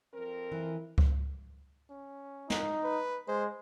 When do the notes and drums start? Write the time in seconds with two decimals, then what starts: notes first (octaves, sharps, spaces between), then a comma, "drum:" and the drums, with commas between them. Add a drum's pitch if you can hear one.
0.14 F2 C4 A#4
0.52 E3
0.98 drum: kick C#2
1.90 C#4
2.50 D#4, drum: snare
2.84 B4
3.28 G#3 C5